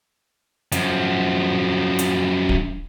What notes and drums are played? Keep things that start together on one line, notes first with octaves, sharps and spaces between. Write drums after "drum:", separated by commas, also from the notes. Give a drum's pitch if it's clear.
F#2 F3, drum: hi-hat
drum: hi-hat
drum: kick